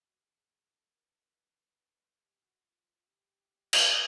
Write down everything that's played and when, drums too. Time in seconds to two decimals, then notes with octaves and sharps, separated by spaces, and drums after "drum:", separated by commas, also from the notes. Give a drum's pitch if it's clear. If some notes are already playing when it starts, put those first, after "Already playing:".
0.07 F#4
0.21 G#4
0.28 G4
0.36 G#4
0.49 G#4
0.71 A4
0.92 A#4
1.07 B4
1.21 B4
1.29 A#4
1.37 B4
2.21 G4
2.43 F#4
2.64 F4
3.07 G4
3.73 drum: cymbal